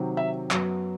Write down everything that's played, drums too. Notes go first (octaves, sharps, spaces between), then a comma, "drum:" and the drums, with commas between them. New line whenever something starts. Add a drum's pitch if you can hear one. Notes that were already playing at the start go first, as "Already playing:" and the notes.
Already playing: C3 D#3 F#3
E5
F#2 F#3 B3, drum: clap